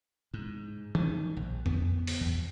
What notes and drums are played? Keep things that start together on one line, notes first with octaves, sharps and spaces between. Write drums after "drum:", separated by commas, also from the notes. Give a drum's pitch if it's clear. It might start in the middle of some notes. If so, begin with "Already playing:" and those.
G#2
D#3, drum: tom
A#1
B3, drum: tom F2
drum: open hi-hat
E2